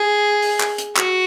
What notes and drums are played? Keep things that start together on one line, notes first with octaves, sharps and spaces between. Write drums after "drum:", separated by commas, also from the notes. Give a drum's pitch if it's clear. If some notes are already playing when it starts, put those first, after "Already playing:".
Already playing: G#4
drum: open hi-hat
drum: clap
drum: hi-hat
F#4, drum: clap